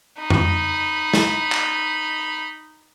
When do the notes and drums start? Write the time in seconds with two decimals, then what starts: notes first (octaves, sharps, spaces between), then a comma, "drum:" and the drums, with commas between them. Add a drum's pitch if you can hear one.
0.20 D#4 B5
0.30 drum: tom F2
1.14 drum: snare
1.52 drum: clap